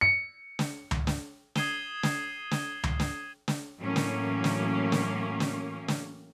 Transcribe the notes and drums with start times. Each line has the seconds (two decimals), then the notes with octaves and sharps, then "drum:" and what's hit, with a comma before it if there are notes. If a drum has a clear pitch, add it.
0.01 C#7
0.59 drum: snare
0.91 drum: tom C#2
1.07 drum: snare
1.55 D#6 G#6 C7 D#7 E7 G7, drum: snare
2.03 drum: snare
2.51 drum: snare
2.83 drum: tom C#2
3.00 drum: snare
3.48 drum: snare
3.80 A2 E3 F#3 A#3 C#4
3.96 drum: snare
4.44 drum: snare
4.92 drum: snare
5.40 drum: snare
5.88 drum: snare